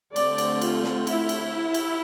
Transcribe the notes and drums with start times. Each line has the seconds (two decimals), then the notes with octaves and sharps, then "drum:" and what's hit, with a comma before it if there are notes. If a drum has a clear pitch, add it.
0.16 D3 A3 C4 D5, drum: cymbal
0.38 drum: cymbal
0.62 F4, drum: cymbal
0.84 drum: snare
1.07 E4, drum: cymbal
1.29 drum: cymbal
1.74 drum: cymbal